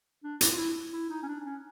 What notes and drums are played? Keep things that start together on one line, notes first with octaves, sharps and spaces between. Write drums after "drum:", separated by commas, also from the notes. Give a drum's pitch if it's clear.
D4
E4, drum: hi-hat
F4
E4
E4
D#4
C#4
D4
D4
C#4